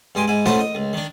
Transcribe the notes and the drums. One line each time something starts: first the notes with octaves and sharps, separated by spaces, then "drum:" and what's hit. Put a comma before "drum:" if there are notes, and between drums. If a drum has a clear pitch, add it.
G2 G#3 G4 G#5 C6
G#2 E4 G#5
A3 C#4 F#4 B4 C5 A5, drum: snare
D#5
C#2
D#3 D4